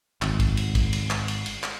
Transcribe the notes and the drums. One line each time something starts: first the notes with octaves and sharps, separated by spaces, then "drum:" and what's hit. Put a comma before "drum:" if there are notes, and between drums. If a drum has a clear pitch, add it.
G#1, drum: clap
drum: kick, cymbal
drum: cymbal
drum: kick, cymbal
drum: cymbal
drum: clap
drum: cymbal
drum: cymbal
drum: clap